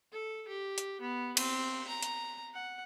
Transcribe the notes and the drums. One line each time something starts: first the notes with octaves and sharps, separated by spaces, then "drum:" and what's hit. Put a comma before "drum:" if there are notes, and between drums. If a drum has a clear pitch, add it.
A4
G4
drum: hi-hat
B3
C4, drum: cymbal
A#5
drum: hi-hat
F#5